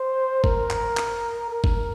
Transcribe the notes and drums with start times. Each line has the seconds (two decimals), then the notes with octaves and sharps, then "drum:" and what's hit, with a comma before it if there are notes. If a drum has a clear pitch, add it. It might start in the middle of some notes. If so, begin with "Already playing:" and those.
Already playing: C5
0.44 A#4, drum: kick G1
0.71 drum: clap
0.97 drum: clap
1.50 A#4
1.64 drum: kick G1